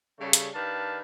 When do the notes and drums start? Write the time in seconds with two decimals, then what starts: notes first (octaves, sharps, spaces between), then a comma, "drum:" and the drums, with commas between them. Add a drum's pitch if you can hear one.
0.19 C#3 G3 A3
0.33 drum: hi-hat
0.54 D#3 D4 G4 B4 F5 A5